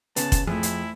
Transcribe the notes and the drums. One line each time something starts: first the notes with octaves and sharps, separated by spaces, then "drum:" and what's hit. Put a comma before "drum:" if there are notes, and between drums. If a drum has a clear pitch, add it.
C#3 B3 A5, drum: hi-hat
drum: kick F1, hi-hat
F2 A3 E4 G#4
drum: hi-hat